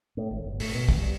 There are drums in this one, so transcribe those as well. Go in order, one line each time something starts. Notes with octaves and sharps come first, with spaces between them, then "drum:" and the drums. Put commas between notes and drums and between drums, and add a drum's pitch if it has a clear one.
A2
G#1
G1
A2, drum: open hi-hat
B2
A1, drum: kick
G3